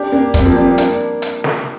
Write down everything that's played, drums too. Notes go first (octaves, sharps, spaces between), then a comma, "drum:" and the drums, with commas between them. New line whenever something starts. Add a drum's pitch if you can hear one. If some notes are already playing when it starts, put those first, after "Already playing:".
Already playing: D4 G4
A#3 D4
G3 C4, drum: kick, hi-hat
F3 A#3
G3 C4
A#3 D4
A#3 D4, drum: hi-hat
drum: hi-hat
drum: snare